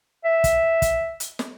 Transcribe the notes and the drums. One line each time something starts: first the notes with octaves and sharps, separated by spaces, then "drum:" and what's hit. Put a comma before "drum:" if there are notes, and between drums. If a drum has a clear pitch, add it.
E5
drum: kick, hi-hat
drum: kick, hi-hat
drum: hi-hat
drum: snare